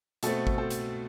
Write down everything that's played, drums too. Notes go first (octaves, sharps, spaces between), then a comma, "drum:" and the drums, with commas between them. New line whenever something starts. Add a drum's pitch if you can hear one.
B2 A3 C4 A4, drum: hi-hat
drum: kick G#1
A4 C5
drum: hi-hat